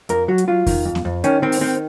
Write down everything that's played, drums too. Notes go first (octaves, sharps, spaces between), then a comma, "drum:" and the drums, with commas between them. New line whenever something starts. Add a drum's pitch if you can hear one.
F2 A#4, drum: hi-hat
F#3 F#4
drum: hi-hat
F#3 F4
D#3, drum: kick E2, open hi-hat
F2
drum: snare B3
F2
D#3 C#4, drum: hi-hat
D#3 C4
drum: open hi-hat
D#3 C4